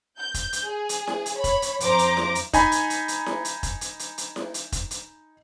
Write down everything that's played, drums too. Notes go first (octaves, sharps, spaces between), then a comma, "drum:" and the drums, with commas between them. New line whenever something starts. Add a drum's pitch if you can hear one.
G6
drum: kick F1, hi-hat
drum: hi-hat
G#4
drum: hi-hat
drum: snare E4
drum: hi-hat
C#5 B5
drum: kick F1, hi-hat
drum: hi-hat
F2 C5 A#5 D6, drum: hi-hat
drum: hi-hat
drum: snare E4
drum: hi-hat
D#4 G#5 B5, drum: kick F1, hi-hat
drum: hi-hat
drum: hi-hat
drum: hi-hat
drum: snare E4
drum: hi-hat
drum: kick F1, hi-hat
drum: hi-hat
drum: hi-hat
drum: hi-hat
drum: snare E4
drum: hi-hat
drum: kick F1, hi-hat
drum: hi-hat